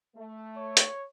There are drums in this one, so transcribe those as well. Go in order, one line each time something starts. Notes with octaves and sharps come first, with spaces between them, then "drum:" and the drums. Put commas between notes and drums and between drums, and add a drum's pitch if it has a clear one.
A3
C#5
drum: hi-hat